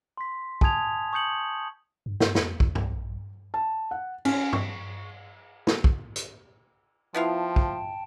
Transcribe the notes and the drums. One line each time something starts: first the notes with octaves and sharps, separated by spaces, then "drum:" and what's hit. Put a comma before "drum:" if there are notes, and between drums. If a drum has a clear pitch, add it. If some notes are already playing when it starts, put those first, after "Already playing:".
C6 B6
G#5 A5 D#6 G#6 F7, drum: kick
C#6 D#6 G6 C#7 F#7
G2
G2, drum: snare
F2, drum: snare
E2, drum: kick
C2, drum: tom G2
A#1
A5
F#5
C#4, drum: cymbal
C#6, drum: tom G2
drum: snare
drum: kick
drum: hi-hat
F3 B3 E4 F4 G5 A5
drum: kick